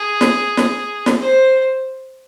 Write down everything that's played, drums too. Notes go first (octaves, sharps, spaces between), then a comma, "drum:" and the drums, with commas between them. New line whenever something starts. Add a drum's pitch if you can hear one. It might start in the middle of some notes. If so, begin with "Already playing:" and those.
Already playing: G#4
drum: snare
drum: snare
drum: snare
C5